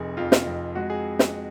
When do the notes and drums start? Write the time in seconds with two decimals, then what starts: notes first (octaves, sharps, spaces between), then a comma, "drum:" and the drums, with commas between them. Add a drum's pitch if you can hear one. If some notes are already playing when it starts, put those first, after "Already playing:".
Already playing: F1 F2 G#4
0.17 F2 F4
0.32 drum: snare
0.46 F2
0.75 G#3 F#4
0.90 G#4
1.19 drum: snare